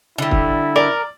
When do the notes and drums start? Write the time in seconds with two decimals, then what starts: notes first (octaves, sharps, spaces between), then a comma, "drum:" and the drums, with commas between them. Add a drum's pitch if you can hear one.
0.18 D3 G3 E4
0.31 drum: kick
0.76 A#4 D5